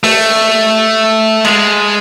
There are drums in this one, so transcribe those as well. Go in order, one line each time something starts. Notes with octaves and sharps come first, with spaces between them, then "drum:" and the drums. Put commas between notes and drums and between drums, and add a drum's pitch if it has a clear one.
A3, drum: open hi-hat
G#3, drum: cymbal